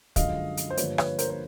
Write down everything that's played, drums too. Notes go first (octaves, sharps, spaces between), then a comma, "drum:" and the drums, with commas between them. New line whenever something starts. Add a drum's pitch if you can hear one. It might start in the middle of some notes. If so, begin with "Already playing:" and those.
F#2 D3 F3 G#3 D#5 F5, drum: kick, hi-hat
drum: hi-hat
C5
G2 D3 F3 A#3 B4 C#5, drum: hi-hat
B4 C#5, drum: rim click
A#4 C5, drum: hi-hat
C5